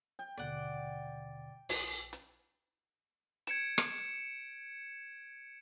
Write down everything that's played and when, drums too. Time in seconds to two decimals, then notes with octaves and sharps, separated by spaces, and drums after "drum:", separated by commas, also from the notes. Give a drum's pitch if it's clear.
0.19 G5
0.37 D#2 B2 D3 D5 F#5
1.69 A#1, drum: open hi-hat
2.13 drum: hi-hat
3.47 G#6 C#7 D7 E7, drum: hi-hat
3.78 drum: rim click